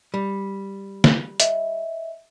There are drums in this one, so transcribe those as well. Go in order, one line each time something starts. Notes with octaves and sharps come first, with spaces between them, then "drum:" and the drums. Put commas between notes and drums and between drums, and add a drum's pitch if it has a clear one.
G3
drum: snare
D#5 E5, drum: hi-hat